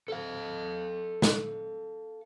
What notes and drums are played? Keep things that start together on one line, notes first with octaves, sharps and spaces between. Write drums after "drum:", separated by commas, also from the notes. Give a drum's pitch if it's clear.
A4 F5
drum: snare